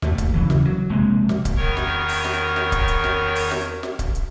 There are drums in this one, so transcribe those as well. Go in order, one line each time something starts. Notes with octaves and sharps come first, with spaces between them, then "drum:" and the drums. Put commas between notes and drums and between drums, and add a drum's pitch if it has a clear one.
D#2 A3, drum: snare
drum: kick C#1, hi-hat
C#3 E3 F#3
drum: snare
F#3
F1 C3 G#3 A#3
drum: snare
drum: kick C#1, hi-hat
E2 D#3 A#4 C#5 C#6
drum: snare
drum: open hi-hat
drum: snare
drum: snare
drum: kick C#1, hi-hat
drum: hi-hat
drum: snare
drum: open hi-hat
drum: snare
drum: snare
drum: kick C#1, hi-hat
drum: hi-hat